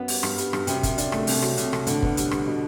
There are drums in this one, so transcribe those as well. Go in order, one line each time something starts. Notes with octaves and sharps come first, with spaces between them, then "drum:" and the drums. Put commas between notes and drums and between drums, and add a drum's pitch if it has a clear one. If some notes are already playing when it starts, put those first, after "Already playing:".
Already playing: F#2 B3
G3, drum: open hi-hat
G2, drum: rim click
G3, drum: hi-hat
G2, drum: rim click
F#2 C3, drum: hi-hat
F#2, drum: kick, hi-hat
D4, drum: hi-hat
A3, drum: rim click
C2, drum: open hi-hat
F#3, drum: rim click
C2, drum: hi-hat
C2, drum: rim click
A2 D3, drum: hi-hat
B3, drum: kick
G3, drum: hi-hat
G3, drum: rim click
B2